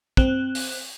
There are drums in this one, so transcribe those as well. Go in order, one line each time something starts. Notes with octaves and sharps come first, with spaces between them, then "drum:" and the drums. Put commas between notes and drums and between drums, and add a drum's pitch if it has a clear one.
C4 F#6, drum: kick
drum: open hi-hat